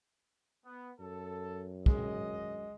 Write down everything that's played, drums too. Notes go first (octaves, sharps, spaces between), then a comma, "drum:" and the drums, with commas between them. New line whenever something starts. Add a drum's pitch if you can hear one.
B3
F#2 A4
G#3 D#5, drum: kick